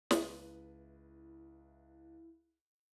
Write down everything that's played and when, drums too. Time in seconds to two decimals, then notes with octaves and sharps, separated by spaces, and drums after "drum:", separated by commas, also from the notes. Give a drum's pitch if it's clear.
0.11 C#2 E4 B4 D#7, drum: snare